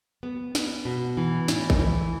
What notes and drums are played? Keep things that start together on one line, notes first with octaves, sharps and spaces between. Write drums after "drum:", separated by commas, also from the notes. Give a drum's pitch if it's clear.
B3
B3, drum: snare
B2
E3
A2, drum: snare
drum: kick A1
E3